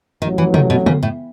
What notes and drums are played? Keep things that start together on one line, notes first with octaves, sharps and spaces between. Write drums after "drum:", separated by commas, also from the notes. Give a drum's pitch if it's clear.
A1 A2 D#3 F#3
E3
D#3, drum: tom
B2
C#3, drum: tom
A2